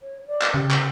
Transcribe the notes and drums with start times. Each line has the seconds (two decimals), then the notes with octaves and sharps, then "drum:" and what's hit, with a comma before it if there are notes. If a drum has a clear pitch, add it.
0.01 C#5
0.27 D5
0.41 drum: clap
0.54 C#3 G4
0.71 drum: clap